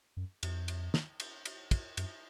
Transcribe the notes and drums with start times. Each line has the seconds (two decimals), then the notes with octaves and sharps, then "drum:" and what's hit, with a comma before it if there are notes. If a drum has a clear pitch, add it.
0.17 F#2
0.43 F2, drum: cymbal
0.68 drum: cymbal
0.94 drum: snare
1.20 drum: cymbal
1.45 drum: cymbal
1.71 drum: kick, cymbal
1.97 F#2, drum: cymbal